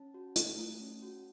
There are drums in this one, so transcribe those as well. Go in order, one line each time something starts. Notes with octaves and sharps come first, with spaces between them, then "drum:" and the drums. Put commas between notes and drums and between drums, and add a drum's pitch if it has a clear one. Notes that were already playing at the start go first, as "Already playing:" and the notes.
Already playing: C#4 A5
F#4
A3, drum: hi-hat
A3
C#4
F#4